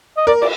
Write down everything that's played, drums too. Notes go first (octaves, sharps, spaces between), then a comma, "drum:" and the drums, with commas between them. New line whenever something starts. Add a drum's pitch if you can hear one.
D#5
A#4 D5
D5, drum: cymbal